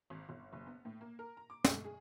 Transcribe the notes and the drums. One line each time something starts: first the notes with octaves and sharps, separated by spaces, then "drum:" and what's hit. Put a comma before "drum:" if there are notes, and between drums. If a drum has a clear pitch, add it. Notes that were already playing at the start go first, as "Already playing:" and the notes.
G#1
G1
F#1
B3
A2
A#3
A#4
A#5
D6
A3, drum: snare
G#4